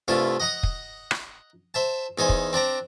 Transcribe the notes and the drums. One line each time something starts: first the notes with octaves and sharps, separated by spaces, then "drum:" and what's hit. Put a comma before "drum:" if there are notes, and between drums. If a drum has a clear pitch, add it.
C2 G2 A3 F4 A5
D#5 F#5 A#5 D#6
drum: kick
drum: rim click
C5 E5 A5
E2 D#4 C5 G#5
drum: kick
C4 D4 D5 A#5